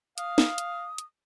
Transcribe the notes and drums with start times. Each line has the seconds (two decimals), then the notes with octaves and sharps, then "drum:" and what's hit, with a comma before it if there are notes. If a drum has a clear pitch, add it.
0.18 F5 D#6, drum: hi-hat
0.38 drum: snare
0.58 drum: hi-hat
0.98 drum: hi-hat